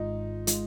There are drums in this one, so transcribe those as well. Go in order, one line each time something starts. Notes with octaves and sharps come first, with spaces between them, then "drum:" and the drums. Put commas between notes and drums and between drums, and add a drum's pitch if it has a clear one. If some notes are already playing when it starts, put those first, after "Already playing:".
Already playing: G#1 G#2 G#3 D#4 F4
G#3 F4, drum: hi-hat